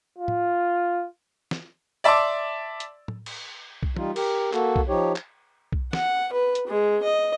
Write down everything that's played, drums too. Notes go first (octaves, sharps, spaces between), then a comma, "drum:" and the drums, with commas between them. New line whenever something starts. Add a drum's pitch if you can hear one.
F4
drum: tom
drum: snare
D5 E5 A5 C6 D6
drum: hi-hat
drum: tom A2
drum: cymbal
drum: kick B1
G3 D#4 F4, drum: tom
G4 A#4, drum: cymbal
A#3 F#4 A4, drum: clap
drum: kick B1
F3 D#4 G4 C#5
drum: clap
drum: kick B1
F#5, drum: snare
B4
drum: hi-hat
G#3
D#5